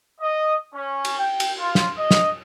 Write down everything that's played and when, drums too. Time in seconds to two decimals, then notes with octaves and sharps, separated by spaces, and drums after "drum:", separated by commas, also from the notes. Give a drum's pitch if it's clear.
0.20 D#5
0.74 C#4
1.05 drum: cymbal
1.17 G5
1.40 drum: cymbal
1.58 F4
1.75 drum: snare
1.97 D#5
2.11 drum: snare